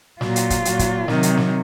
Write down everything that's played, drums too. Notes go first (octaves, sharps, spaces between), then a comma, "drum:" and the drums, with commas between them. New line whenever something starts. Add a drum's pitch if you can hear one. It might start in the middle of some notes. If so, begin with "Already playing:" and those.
F#3 F4, drum: snare
A#2
drum: hi-hat
drum: kick, hi-hat
A#2 F#3, drum: hi-hat
drum: kick, hi-hat
C3 D#3 F#3, drum: snare
drum: hi-hat
drum: snare